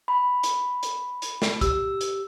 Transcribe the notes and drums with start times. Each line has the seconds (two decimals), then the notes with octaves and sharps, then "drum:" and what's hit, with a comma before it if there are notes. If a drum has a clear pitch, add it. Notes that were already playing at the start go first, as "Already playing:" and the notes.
0.08 B5
0.43 drum: hi-hat
0.83 drum: hi-hat
1.22 drum: hi-hat
1.42 drum: snare
1.61 G4 E6, drum: kick, hi-hat
2.01 drum: hi-hat